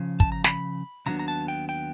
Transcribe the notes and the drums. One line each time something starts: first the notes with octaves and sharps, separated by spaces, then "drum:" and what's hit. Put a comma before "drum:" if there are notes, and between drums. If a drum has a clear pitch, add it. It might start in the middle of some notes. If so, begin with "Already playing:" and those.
Already playing: C#3 F3
A5, drum: kick
A#5
B5, drum: snare
D#2 C#3 F#3 B3 D4 A#5
A#5
A5
G5
G5